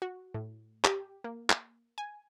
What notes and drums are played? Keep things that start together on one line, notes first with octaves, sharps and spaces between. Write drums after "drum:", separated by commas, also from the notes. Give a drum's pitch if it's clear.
F#4
A2
G4, drum: clap
A#3
drum: clap
G#5